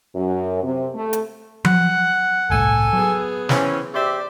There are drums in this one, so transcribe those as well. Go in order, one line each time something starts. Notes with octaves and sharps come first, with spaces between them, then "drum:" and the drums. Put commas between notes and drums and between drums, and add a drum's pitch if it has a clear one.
F#2
C3
A3
drum: hi-hat
F#3 F#5, drum: tom F3
G1 C2 A2 A4 G#5
F#3 B3 G#4
E3 C4 C#4, drum: snare
G4 C5 D5 E5